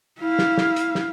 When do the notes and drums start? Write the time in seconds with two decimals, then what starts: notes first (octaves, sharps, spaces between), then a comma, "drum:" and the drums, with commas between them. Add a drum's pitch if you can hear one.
0.20 E4 F5
0.39 drum: snare
0.58 drum: snare
0.76 drum: hi-hat
0.95 drum: snare